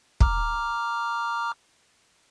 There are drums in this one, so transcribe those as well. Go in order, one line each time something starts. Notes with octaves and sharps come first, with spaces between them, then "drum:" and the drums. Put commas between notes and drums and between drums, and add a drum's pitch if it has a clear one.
A#5 D6 F6, drum: kick